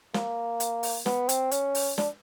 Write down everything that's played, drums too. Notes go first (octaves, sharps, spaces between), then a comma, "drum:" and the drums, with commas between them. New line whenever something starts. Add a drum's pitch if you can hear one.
A#3, drum: snare
drum: hi-hat
drum: open hi-hat
B3, drum: snare
C4, drum: hi-hat
C#4, drum: hi-hat
drum: open hi-hat
D4, drum: snare